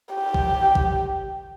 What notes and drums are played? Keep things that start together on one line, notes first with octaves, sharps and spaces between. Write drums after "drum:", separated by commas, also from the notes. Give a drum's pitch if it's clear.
G4
drum: kick
drum: kick